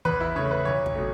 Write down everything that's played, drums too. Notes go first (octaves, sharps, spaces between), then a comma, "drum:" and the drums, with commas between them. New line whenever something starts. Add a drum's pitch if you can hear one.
E2 B4, drum: kick
E4
C#3 A3 C#5
B4
B1 C#5
drum: kick
B2 A3